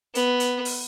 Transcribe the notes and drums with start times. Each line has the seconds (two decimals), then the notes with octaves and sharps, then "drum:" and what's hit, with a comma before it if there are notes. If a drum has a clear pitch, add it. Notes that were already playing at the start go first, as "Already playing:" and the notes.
0.15 B3, drum: hi-hat
0.40 drum: hi-hat
0.65 drum: open hi-hat